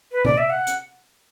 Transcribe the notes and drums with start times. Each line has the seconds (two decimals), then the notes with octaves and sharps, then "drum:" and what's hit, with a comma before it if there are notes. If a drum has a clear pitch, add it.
0.12 B4
0.25 D5, drum: tom C3
0.38 E5
0.50 F#5
0.67 drum: hi-hat